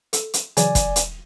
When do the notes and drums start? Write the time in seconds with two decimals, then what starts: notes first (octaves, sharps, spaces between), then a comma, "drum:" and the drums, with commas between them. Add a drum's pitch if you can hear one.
0.13 A4, drum: hi-hat
0.34 drum: hi-hat
0.57 C#3 E3 F#3 D5 G#5, drum: hi-hat
0.75 drum: kick F1, hi-hat
0.96 drum: hi-hat